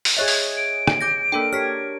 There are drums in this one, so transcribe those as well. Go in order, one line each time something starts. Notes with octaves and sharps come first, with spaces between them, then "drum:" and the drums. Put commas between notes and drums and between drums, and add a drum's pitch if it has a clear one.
drum: open hi-hat
G#4 C#5 D#5 E5 F#6
drum: open hi-hat
D7
drum: rim click
D6 G6 A#6
A#3 D4 A4 A#4 G5
G4 A#4 C#5 F6 B6 C7